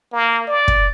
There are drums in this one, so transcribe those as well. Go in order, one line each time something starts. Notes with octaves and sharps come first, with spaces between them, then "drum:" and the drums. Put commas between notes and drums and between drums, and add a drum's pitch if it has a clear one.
A#3
D5
drum: kick